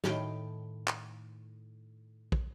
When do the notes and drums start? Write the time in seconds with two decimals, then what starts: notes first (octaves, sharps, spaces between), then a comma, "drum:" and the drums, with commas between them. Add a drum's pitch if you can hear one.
0.04 A2 D#3 G5, drum: snare
0.88 drum: clap
2.32 drum: kick